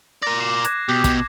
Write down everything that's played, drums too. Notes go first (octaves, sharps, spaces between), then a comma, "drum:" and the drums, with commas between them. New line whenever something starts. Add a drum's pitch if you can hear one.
A#4 D5 A#6
D6 C7 E7
D6 F#6 G#6, drum: hi-hat
B2 G4
B2, drum: kick, hi-hat